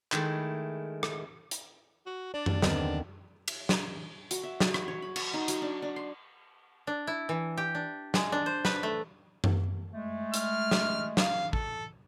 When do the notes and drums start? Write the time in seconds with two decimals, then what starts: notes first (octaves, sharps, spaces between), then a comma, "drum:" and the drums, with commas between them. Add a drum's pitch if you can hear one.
0.12 D#3 G#3 A3 E4, drum: clap
1.03 drum: rim click
1.51 drum: hi-hat
2.06 F#4
2.34 D4 D5
2.46 drum: tom F#2
2.62 D#2 D3 D#3 B3 C4, drum: snare
3.48 drum: cymbal
3.69 drum: snare
4.31 F#4, drum: hi-hat
4.43 E5
4.60 F#3, drum: snare
4.74 B5, drum: rim click
4.88 C#5
5.02 B5
5.16 F#5, drum: cymbal
5.34 D#4
5.48 F#3, drum: hi-hat
5.62 D4
5.82 D4
5.96 C6
6.87 D4
7.07 E4
7.29 E3
7.57 G4
7.75 D4
8.14 G#3, drum: snare
8.32 D4
8.46 C5
8.65 B4, drum: snare
8.83 A3
9.44 drum: tom F#2
9.92 G#3 A3
10.34 F6, drum: hi-hat
10.71 drum: snare
11.17 F5, drum: snare
11.53 A4, drum: kick